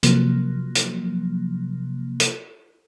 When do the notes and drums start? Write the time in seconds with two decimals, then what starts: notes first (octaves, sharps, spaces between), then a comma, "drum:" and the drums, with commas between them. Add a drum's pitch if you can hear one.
0.03 C3 F3 F#3 A#3, drum: hi-hat
0.75 drum: hi-hat
2.20 drum: hi-hat